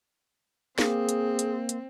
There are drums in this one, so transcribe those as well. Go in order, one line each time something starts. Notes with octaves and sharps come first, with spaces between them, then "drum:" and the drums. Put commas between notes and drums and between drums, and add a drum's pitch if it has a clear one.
A#3 C4 G#4, drum: snare
drum: hi-hat
drum: hi-hat
drum: hi-hat